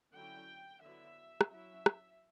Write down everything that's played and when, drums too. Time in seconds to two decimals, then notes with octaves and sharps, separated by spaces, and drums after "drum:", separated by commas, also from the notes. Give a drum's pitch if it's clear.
0.14 D3 F#3 C#4 E4 G5
0.82 D3 F#3 B3 E4 E5
1.41 drum: rim click
1.50 F#3 C#4 E4 E5
1.86 drum: rim click